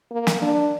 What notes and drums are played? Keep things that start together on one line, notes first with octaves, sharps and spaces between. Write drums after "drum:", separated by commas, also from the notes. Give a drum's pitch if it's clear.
A#3
drum: snare
D4